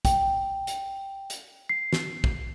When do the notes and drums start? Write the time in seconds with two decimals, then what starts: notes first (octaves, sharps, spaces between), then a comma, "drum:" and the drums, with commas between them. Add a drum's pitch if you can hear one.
0.05 G5, drum: kick, hi-hat
0.67 drum: hi-hat
1.30 drum: hi-hat
1.69 C7
1.93 drum: snare
2.24 drum: kick